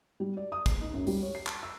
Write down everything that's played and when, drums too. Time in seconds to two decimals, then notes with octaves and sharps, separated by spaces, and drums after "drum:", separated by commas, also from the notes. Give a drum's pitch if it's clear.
0.20 G3
0.37 D5
0.52 D#6
0.66 C7, drum: kick, hi-hat
0.81 D#4
0.94 F#2
1.07 G3, drum: open hi-hat
1.22 C#5
1.35 C7
1.47 A5, drum: clap
1.63 E6